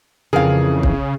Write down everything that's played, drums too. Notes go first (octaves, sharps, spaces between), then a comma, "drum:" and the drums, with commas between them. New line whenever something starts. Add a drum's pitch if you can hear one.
F2 C#3 E3 G#4 A#4 F5
drum: kick